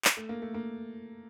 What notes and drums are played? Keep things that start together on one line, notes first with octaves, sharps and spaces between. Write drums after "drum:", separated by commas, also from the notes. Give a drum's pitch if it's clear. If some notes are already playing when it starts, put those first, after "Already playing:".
drum: clap
A3
A#3
A3
A#3